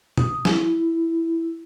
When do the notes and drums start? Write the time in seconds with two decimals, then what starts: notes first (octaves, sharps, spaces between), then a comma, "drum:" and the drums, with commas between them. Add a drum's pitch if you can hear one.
0.17 D#6, drum: tom
0.45 E4, drum: snare